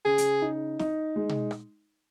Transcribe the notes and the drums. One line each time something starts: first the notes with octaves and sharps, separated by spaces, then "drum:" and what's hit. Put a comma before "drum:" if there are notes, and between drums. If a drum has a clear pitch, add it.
C#3 G#4
drum: hi-hat
D#4
D#4, drum: snare
G#3
drum: tom B2
drum: rim click